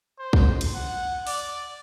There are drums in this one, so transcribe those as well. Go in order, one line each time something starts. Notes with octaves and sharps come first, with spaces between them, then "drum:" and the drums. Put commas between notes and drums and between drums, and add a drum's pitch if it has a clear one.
C5
drum: kick
drum: cymbal
F#5
D5, drum: open hi-hat